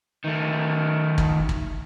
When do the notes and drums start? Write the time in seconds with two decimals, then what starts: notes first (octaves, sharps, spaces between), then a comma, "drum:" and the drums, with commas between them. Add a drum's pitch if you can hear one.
0.24 D#3 A3
1.18 drum: kick
1.49 drum: kick